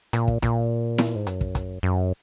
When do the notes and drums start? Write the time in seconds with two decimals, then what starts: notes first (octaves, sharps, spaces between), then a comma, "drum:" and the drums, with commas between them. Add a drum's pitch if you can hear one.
0.13 A#2, drum: hi-hat
0.28 drum: kick
0.42 A#2, drum: kick, hi-hat
0.98 drum: snare E4
1.15 G#2
1.27 F#2, drum: hi-hat
1.41 drum: kick
1.55 drum: kick, hi-hat
1.83 F#2